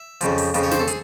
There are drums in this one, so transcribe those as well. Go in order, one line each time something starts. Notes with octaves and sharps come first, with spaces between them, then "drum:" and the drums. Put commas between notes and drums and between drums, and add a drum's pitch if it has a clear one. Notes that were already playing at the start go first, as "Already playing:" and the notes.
Already playing: E5
F2 C#3 F3, drum: hi-hat
drum: open hi-hat
F2 C#3 F3, drum: hi-hat
C#5
C5, drum: snare
A4
G#4, drum: hi-hat